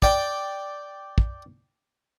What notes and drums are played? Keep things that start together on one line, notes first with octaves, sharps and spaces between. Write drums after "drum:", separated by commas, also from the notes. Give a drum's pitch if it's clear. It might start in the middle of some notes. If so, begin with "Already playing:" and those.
D5 G5, drum: kick
drum: kick